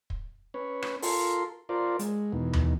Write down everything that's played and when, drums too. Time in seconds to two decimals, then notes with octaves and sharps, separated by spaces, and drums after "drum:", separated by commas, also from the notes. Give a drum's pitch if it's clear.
0.10 drum: kick
0.54 C#4 B4 C#5
0.82 drum: rim click
1.02 F4 A4 A#4 C6, drum: open hi-hat
1.69 F4 A#4 C5 D5
1.99 G#3, drum: hi-hat
2.32 E2 B2 D#3
2.53 drum: tom D#2